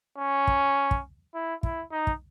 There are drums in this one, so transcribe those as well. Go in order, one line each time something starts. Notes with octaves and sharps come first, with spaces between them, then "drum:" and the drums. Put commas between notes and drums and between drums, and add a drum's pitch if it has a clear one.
C#4
drum: kick
drum: kick
E4
E4, drum: kick
D#4
drum: kick